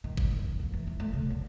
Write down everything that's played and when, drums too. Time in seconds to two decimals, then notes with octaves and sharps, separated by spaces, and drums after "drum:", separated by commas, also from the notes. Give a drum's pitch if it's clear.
0.04 D#3
0.17 A#2, drum: kick G1
0.33 F#1
0.45 D#3
0.59 F2
0.73 E3
0.87 E3
1.00 A3
1.13 C#3
1.30 D3